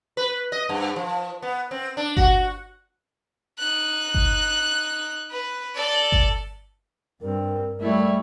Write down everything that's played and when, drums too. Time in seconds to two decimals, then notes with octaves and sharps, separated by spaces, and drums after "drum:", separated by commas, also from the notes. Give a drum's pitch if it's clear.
0.17 B4
0.52 D#5
0.69 G2
0.96 F3
1.42 B3
1.71 C4
1.97 D4
2.17 F#4, drum: kick G1
3.59 D#4 F#6
4.14 drum: kick G1
5.31 B4
5.75 A4 D5
6.12 drum: kick G1
7.21 G2 C4 A#4
7.81 G3 A3 E4 C#5